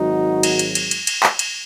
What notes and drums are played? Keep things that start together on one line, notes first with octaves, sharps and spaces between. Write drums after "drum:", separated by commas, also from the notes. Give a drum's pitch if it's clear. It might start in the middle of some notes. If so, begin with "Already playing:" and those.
Already playing: G#1 G#2 F#3 D#4 F#4
drum: cymbal
drum: cymbal
drum: cymbal
drum: cymbal
drum: cymbal
drum: clap
drum: cymbal